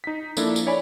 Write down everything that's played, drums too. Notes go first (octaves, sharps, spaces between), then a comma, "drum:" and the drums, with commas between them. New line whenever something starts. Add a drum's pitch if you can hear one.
D#4 B6
F3 A#3 D4 E4 A4, drum: tambourine
drum: tambourine
C#5 D5 G#5 B5